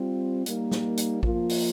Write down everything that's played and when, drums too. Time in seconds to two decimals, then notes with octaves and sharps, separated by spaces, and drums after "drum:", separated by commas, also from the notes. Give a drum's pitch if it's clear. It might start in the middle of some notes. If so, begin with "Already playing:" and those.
Already playing: G3 C4 F4
0.46 G3 A#3 D#4, drum: hi-hat
0.71 drum: snare
0.97 drum: hi-hat
1.23 F3 A#3 F4, drum: kick A1
1.49 drum: open hi-hat